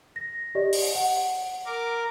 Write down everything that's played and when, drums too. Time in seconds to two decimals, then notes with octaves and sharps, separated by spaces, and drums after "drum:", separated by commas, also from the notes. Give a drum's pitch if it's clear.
0.16 A#6
0.55 G4 D5 D#5
0.73 drum: open hi-hat
0.95 F#5
1.65 A#4 D6